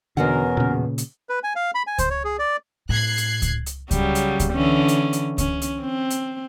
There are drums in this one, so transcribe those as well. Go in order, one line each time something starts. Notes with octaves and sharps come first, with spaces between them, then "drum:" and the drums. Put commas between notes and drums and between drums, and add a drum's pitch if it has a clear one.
E2 B2 D3 F#3 C#4 A#4 F#5
A#2 C#3
drum: hi-hat
B4
G#5
F5
B5
G#5
C5, drum: kick C#2, hi-hat
C#5
G#4
D5
A2 F#6 G#6 C7
drum: hi-hat
drum: kick C#2, hi-hat
drum: hi-hat
C#3 F#3 G3, drum: kick C#2, hi-hat
drum: hi-hat
drum: kick C#2, hi-hat
D3 E3 C#4
drum: hi-hat
drum: hi-hat
C#4, drum: kick C#2, hi-hat
drum: hi-hat
C4
drum: hi-hat